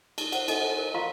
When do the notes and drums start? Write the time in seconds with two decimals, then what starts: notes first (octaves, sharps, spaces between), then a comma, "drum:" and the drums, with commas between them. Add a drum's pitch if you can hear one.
0.18 D#4 G4, drum: cymbal
0.32 C5 F#5, drum: cymbal
0.48 D#4 F#4 A4 D#5 G#5, drum: cymbal
0.61 C5 D#5
0.77 G4 A#4
0.94 F4 F5 A#5 C6 C#6